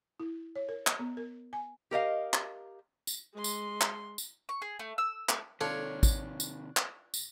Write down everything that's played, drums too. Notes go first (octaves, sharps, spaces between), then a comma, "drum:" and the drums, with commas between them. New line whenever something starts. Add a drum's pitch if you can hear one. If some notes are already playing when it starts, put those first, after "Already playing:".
E4
C#5
A#4
D#5, drum: clap
B3
A#4
G#5
G4 A#4 D#5 F5
drum: clap
drum: tambourine
G#3 C6
drum: tambourine
drum: clap
drum: tambourine
C#6
G#4
A3
E6
A3, drum: clap
C3 D#3 D4 F4 A4 C#5
drum: kick, tambourine
drum: tambourine
drum: clap
drum: tambourine